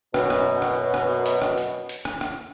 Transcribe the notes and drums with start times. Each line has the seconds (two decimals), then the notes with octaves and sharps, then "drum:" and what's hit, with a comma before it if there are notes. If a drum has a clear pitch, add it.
0.14 F#2 B2, drum: rim click
0.30 drum: rim click
0.62 drum: rim click
0.94 drum: rim click
1.26 drum: hi-hat
1.42 drum: rim click
1.58 drum: hi-hat
1.89 drum: hi-hat
2.05 drum: rim click
2.21 drum: rim click